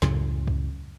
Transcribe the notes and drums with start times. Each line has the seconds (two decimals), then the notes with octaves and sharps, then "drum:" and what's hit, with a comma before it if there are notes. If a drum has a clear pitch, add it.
0.02 C#2 F#2 A2 C#3, drum: snare
0.47 drum: kick